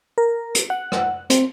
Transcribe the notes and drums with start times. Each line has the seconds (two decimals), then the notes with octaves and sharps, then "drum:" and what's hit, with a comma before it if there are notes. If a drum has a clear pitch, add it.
0.18 A#4
0.55 drum: hi-hat
0.70 F#5
0.92 drum: rim click
1.30 C4, drum: hi-hat